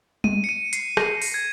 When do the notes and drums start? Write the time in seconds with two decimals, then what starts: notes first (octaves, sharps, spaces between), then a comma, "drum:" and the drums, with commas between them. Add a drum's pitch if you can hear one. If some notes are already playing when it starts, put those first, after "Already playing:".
0.24 D#7, drum: tom
0.44 C#7
0.49 D#7
0.73 C7, drum: hi-hat
0.97 A#6, drum: rim click
1.22 drum: open hi-hat
1.34 G#6